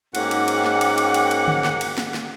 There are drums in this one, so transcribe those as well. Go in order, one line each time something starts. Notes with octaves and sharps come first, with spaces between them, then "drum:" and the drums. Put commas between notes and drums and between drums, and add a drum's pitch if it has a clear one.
G#2 A#3 C#4 F#4 F#5 G5 D6, drum: cymbal
drum: cymbal
drum: cymbal
drum: snare
drum: cymbal
drum: cymbal
drum: cymbal
drum: cymbal
drum: tom D3
drum: snare
drum: cymbal
drum: snare
drum: snare